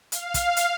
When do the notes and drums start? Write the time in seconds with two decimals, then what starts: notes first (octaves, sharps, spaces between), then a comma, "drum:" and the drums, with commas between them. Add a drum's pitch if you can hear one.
0.12 F5, drum: hi-hat
0.34 drum: kick, hi-hat
0.57 drum: hi-hat